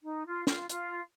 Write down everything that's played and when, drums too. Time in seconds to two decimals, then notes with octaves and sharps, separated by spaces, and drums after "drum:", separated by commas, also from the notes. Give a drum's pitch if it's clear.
0.04 D#4
0.26 F4
0.47 F4, drum: snare
0.69 F4, drum: hi-hat